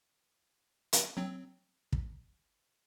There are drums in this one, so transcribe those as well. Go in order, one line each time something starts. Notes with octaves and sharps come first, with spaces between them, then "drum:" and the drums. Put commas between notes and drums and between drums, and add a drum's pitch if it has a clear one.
drum: hi-hat
F#3 C4
drum: kick